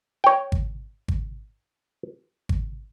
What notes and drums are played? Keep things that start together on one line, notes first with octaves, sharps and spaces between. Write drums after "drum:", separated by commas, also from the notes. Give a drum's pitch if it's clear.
C#5 G5
drum: kick G#1
drum: kick G#1
drum: kick G#1